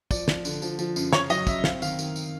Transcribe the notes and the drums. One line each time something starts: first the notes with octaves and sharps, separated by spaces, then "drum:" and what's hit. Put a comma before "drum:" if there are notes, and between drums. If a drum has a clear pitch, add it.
F3 D5, drum: kick, tambourine
F3, drum: snare
D3, drum: tambourine
F3, drum: tambourine
F3, drum: tambourine
F#2, drum: tambourine
C#3 C#5, drum: snare
F#3 D#5, drum: tambourine
C#3 E5, drum: kick, tambourine
C4 F5, drum: snare
D#3 F5, drum: tambourine
D#3, drum: tambourine
drum: tambourine